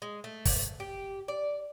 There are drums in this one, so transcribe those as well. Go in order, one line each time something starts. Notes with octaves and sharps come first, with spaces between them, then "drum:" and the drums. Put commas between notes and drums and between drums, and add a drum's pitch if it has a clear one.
G#3
A3
drum: kick, open hi-hat
G4
D5